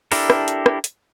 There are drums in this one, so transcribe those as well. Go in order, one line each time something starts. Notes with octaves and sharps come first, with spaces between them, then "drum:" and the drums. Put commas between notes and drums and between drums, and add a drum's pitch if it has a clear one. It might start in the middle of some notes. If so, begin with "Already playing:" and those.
D4 E4 G4 A4 A#4, drum: open hi-hat
drum: rim click
drum: hi-hat
drum: rim click
drum: hi-hat